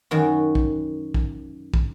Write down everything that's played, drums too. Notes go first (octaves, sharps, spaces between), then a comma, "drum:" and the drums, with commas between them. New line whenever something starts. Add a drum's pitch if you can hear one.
F#2 D#3 F#4
drum: kick
drum: kick
drum: kick